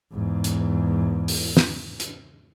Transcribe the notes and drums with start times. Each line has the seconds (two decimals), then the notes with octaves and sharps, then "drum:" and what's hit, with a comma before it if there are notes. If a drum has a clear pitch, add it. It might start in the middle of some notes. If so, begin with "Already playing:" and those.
0.12 E2 G#2
0.44 drum: hi-hat
1.28 drum: open hi-hat
1.57 drum: snare
2.00 drum: hi-hat